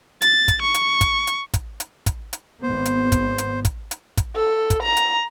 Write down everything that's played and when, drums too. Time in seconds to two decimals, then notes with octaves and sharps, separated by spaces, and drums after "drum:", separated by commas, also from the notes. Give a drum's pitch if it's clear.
0.22 A6, drum: hi-hat
0.48 drum: kick, hi-hat
0.62 C#6
0.74 drum: hi-hat
1.01 drum: kick, hi-hat
1.27 drum: hi-hat
1.54 drum: kick, hi-hat
1.80 drum: hi-hat
2.06 drum: kick, hi-hat
2.33 drum: hi-hat
2.63 G#1 B3 C5
2.85 drum: hi-hat
3.12 drum: kick, hi-hat
3.38 drum: hi-hat
3.65 drum: kick, hi-hat
3.91 drum: hi-hat
4.17 drum: kick, hi-hat
4.36 A4
4.70 drum: kick, hi-hat
4.83 A#5
4.97 drum: hi-hat